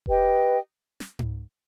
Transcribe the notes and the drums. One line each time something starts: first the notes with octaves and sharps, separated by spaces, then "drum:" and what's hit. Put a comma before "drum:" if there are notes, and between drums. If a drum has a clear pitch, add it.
G4 B4 D#5 G5, drum: kick E1
drum: snare
drum: tom G#2